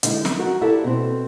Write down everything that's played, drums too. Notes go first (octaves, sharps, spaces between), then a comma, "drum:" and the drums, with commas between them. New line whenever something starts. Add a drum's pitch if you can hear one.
D3 G#3 D#4 E4, drum: hi-hat
drum: snare
F#4 A#4
E4 G4 A4 D5 E5
B2 C4